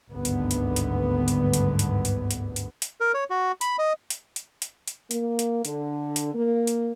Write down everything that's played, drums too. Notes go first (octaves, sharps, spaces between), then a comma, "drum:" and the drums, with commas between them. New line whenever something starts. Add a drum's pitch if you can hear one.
G#1 D2 G2 D3 B3
drum: hi-hat
drum: hi-hat
drum: hi-hat
drum: hi-hat
drum: hi-hat
drum: hi-hat
drum: hi-hat
drum: hi-hat
drum: hi-hat
drum: hi-hat
A#4
C#5
F#4
B5, drum: hi-hat
D#5
drum: hi-hat
drum: hi-hat
drum: hi-hat
drum: hi-hat
A#3, drum: hi-hat
drum: hi-hat
D3, drum: hi-hat
drum: hi-hat
A#3
drum: hi-hat